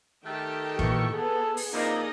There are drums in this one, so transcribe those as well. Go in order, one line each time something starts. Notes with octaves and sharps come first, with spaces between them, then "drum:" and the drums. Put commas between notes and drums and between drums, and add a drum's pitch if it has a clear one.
D#3 A3 G4 G5
A#2 E3 C#6, drum: kick
B3 G#4 A4
drum: open hi-hat
C3 F3 A#3 D#4 E4 D5 D#5